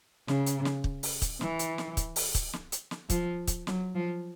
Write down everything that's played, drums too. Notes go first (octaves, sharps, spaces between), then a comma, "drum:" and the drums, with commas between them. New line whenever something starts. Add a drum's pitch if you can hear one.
C#3, drum: snare
drum: hi-hat
drum: snare
drum: kick
drum: open hi-hat
drum: kick, hi-hat
E3, drum: snare
drum: hi-hat
drum: snare
drum: kick, hi-hat
drum: open hi-hat
drum: kick, hi-hat
drum: snare
drum: hi-hat
drum: snare
F3, drum: kick, hi-hat
drum: kick, hi-hat
F#3, drum: snare
F3